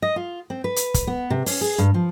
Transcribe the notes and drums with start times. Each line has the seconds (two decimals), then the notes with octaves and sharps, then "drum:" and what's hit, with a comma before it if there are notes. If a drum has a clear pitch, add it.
0.02 D#5
0.16 F4
0.50 C4
0.64 B4
0.76 drum: hi-hat
0.94 drum: kick, hi-hat
1.07 B3
1.30 C3
1.46 C#4, drum: open hi-hat
1.61 G#4
1.78 G2
1.94 F3